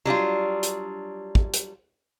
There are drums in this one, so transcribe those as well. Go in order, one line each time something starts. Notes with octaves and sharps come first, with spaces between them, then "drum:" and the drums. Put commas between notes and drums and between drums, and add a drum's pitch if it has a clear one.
F#3 G3 D4 F4
drum: hi-hat
drum: kick
drum: hi-hat